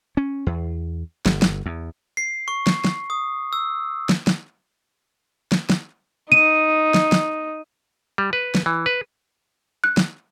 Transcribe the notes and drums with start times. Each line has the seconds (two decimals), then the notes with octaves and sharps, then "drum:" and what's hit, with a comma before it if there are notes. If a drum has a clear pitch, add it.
0.17 C#4
0.46 E2
1.26 G1, drum: snare
1.42 drum: snare
1.66 E2
2.17 C7
2.48 C#6
2.67 drum: snare
2.84 drum: snare
3.10 D#6
3.53 E6
4.09 drum: snare
4.27 drum: snare
5.52 drum: snare
5.70 drum: snare
6.32 D#4 D#7
6.94 drum: snare
7.12 drum: snare
8.18 G3
8.33 B4
8.55 drum: snare
8.66 E3
8.86 B4
9.84 F#6
9.97 drum: snare